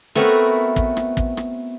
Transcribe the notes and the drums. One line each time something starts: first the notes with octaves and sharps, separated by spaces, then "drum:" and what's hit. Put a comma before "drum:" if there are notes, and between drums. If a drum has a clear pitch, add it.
A3 B3 C4 E4 F#4 A#4, drum: rim click
drum: kick
drum: rim click
drum: kick
drum: rim click